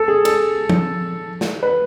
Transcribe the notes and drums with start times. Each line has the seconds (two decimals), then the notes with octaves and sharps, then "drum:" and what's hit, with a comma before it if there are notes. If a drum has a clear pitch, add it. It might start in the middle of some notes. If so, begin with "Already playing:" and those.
Already playing: A4
0.08 G#4
0.25 A4, drum: cymbal
0.70 drum: tom F3
1.41 drum: snare
1.63 B4